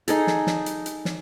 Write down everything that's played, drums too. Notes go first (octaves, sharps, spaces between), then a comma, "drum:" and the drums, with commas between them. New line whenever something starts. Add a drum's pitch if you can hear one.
D#4 G#4 A4, drum: hi-hat
drum: snare
drum: snare
drum: hi-hat
drum: hi-hat
drum: snare